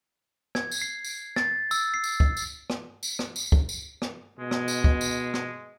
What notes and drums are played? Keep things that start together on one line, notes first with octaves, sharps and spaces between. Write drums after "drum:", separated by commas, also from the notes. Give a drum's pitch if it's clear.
G#6, drum: rim click
drum: tambourine
C7
drum: tambourine
A6, drum: rim click
E6, drum: tambourine
C7
drum: tambourine
drum: kick
drum: tambourine
drum: rim click
drum: tambourine
drum: rim click
drum: tambourine
drum: kick
drum: tambourine
drum: rim click
B2 G#3
drum: rim click
drum: tambourine
drum: kick
drum: tambourine
drum: rim click